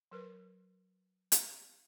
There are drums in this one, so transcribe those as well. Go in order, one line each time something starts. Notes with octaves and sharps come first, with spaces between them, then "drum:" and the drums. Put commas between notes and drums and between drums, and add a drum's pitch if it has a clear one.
F#3 A#4 B4
drum: hi-hat